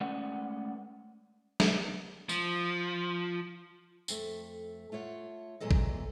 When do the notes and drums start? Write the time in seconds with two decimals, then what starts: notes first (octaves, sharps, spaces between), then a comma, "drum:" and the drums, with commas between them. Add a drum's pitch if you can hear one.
0.01 G#3 A3 C#4 B4 D5 F#5
1.60 drum: snare
2.29 F3, drum: tambourine
4.08 F2 A3, drum: tambourine
4.92 A3 F4 C#5 F#5
5.60 E2 A#2 F#3 G#3 A4 D#5
5.71 drum: kick A#1